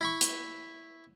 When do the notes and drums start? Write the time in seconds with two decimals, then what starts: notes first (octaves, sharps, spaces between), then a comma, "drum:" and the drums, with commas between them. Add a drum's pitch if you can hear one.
0.01 E4 B5 C#6
0.21 drum: hi-hat